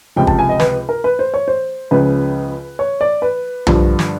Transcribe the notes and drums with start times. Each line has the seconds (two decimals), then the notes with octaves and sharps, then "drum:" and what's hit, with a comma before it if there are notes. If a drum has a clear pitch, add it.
0.16 C#2 C3 F3 G5
0.27 A5, drum: kick
0.39 G#5
0.49 D#5
0.60 B4, drum: snare
0.89 A#4
1.04 B4
1.19 C5
1.34 C#5
1.48 C5
1.91 C#2 C#3 F3 B4
2.79 C#5
3.01 D5
3.22 B4
3.67 G2 D3 F3, drum: tom B1
3.99 drum: snare